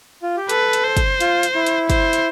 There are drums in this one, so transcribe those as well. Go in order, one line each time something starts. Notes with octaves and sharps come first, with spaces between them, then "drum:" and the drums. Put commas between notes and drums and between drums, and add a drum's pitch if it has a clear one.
F4
G4
A4 B4, drum: hi-hat
drum: hi-hat
C5
drum: kick, hi-hat
F4, drum: hi-hat
drum: hi-hat
E4
drum: hi-hat
C5, drum: kick, hi-hat
drum: hi-hat